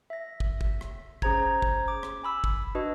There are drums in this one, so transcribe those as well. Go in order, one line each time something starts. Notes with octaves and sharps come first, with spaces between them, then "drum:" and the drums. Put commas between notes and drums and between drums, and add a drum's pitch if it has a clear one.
E5 A#6
drum: kick
drum: kick
drum: rim click
C#4 G#4 C5 A#5 G#6, drum: kick
drum: kick
D6
drum: rim click
G#5 B5 E6
drum: kick
D4 F#4 B4 D#5